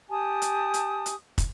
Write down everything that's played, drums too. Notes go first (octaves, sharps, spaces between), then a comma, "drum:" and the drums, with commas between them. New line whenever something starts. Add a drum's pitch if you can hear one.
G4 G#5 A5 D#6
drum: hi-hat
drum: hi-hat
drum: hi-hat
drum: kick, hi-hat